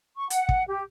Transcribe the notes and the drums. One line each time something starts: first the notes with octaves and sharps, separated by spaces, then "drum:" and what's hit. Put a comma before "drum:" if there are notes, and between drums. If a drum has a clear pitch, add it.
C#6
F#5, drum: hi-hat
drum: kick
G4